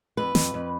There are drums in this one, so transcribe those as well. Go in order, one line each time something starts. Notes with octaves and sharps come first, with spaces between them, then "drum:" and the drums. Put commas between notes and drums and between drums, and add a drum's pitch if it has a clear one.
F2 B4
F2, drum: snare
F2